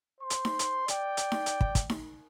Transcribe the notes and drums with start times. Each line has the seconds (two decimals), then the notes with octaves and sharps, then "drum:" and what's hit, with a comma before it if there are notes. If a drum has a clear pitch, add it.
0.21 C5 C6
0.30 drum: hi-hat
0.45 drum: snare D#4
0.59 drum: hi-hat
0.88 D5 G5, drum: hi-hat
1.17 drum: hi-hat
1.32 drum: snare D#4
1.46 drum: hi-hat
1.61 drum: kick
1.75 drum: kick, hi-hat
1.90 drum: snare D#4